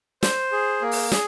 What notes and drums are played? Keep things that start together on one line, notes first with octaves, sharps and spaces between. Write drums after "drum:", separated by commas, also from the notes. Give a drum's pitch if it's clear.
C5, drum: snare
G#4
A#3
drum: open hi-hat
G#4, drum: snare